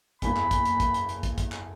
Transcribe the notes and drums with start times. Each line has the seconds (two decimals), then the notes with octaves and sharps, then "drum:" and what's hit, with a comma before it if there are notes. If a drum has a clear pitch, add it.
0.22 F#1 B1 E2 A#3 G#5 B5, drum: kick, hi-hat
0.37 drum: clap
0.51 drum: kick, hi-hat
0.65 drum: hi-hat
0.80 drum: kick, hi-hat
0.94 drum: hi-hat
1.09 drum: hi-hat
1.23 drum: kick, hi-hat
1.38 drum: kick, hi-hat
1.52 drum: clap